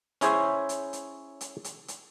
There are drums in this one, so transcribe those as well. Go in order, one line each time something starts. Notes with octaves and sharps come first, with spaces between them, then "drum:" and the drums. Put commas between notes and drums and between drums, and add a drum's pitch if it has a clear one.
C#4 E4 G#4 C5 C#5 E5, drum: hi-hat
drum: hi-hat
drum: hi-hat
drum: hi-hat
drum: hi-hat
drum: hi-hat